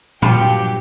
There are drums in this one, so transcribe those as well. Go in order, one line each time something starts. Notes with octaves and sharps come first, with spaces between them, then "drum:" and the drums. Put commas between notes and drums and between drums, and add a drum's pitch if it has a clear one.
G2 A#2 F3 F#3 G4 G5, drum: tom A#2